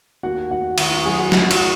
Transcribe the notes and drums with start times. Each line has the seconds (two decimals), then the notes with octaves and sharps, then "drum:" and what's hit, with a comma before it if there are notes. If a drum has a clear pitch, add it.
0.23 D#2 F#4 F#5
0.51 D#2 F#4 F#5
0.78 D#3 F#4 F#5, drum: cymbal
0.92 F#4 F#5
1.05 F#3 G#4 G#5
1.18 F#4 F#5
1.32 C#2 F#4 F#5, drum: snare
1.51 F#4 F#5, drum: cymbal